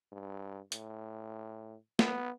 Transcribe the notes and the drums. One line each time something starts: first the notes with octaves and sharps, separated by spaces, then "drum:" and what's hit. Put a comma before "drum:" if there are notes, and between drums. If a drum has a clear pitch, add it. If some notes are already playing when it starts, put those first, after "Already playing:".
G2
A2, drum: hi-hat
B3, drum: snare